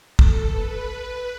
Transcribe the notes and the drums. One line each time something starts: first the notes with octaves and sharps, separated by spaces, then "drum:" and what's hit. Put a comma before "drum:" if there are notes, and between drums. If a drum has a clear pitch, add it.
A4, drum: kick
B4